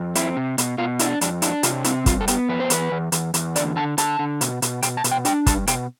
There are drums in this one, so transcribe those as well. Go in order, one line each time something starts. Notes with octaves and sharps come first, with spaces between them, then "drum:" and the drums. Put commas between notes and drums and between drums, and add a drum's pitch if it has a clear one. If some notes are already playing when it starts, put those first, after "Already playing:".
Already playing: F2
C4 E4, drum: hi-hat
C3
B2, drum: hi-hat
B2 F4
D4 E4, drum: hi-hat
F2 D4, drum: hi-hat
D4 E4, drum: hi-hat
C3 F4, drum: hi-hat
C4 E4, drum: hi-hat
G2 F4, drum: kick, hi-hat
A4
B3 G4, drum: hi-hat
F2 B4
C5
E2 B4, drum: hi-hat
E2
E2, drum: hi-hat
E2, drum: hi-hat
D3 D5, drum: hi-hat
D3 A5
D3 A5, drum: hi-hat
D3
B2, drum: hi-hat
B2, drum: hi-hat
B2 G5, drum: hi-hat
A5
B2, drum: hi-hat
G5
D4 G5, drum: hi-hat
G2 A5, drum: kick, hi-hat
B2 G5, drum: hi-hat